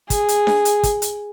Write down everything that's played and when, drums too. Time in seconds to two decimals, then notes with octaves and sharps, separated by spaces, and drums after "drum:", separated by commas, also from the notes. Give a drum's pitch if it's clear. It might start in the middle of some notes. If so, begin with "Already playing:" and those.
0.10 G#4, drum: kick, hi-hat
0.29 drum: hi-hat
0.47 drum: snare D4
0.65 drum: hi-hat
0.83 drum: kick, hi-hat
1.02 drum: hi-hat